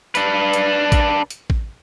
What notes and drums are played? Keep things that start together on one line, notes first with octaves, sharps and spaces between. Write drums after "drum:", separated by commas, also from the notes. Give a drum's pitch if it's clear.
D4 B4, drum: hi-hat
drum: hi-hat
drum: kick, hi-hat
drum: hi-hat
drum: kick